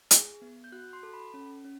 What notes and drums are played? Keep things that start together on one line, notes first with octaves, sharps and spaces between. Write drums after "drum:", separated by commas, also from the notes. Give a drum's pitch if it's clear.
G#4, drum: hi-hat
B3
G6
F#4 F#6
C6
A4
B5
C#4
C#4